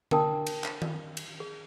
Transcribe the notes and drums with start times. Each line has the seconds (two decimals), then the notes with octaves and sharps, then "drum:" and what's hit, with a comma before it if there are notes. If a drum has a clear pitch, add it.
0.11 D4 A#4 G5 A5 D#6, drum: tom D3
0.46 drum: cymbal
0.64 drum: clap
0.82 drum: tom D#3
1.17 drum: cymbal
1.40 G#4